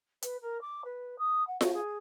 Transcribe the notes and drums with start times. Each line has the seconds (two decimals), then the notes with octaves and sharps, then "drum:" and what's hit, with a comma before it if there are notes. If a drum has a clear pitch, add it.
0.22 B4, drum: hi-hat
0.41 A#4
0.61 D6
0.84 B4
1.18 D#6
1.47 F#5
1.61 F#4, drum: snare F4
1.73 G#4